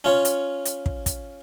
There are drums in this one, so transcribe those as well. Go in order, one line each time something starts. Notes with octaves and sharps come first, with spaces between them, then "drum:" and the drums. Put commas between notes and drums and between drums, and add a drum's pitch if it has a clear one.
C#4 F4 C#5
drum: hi-hat
drum: hi-hat
drum: kick
drum: kick, hi-hat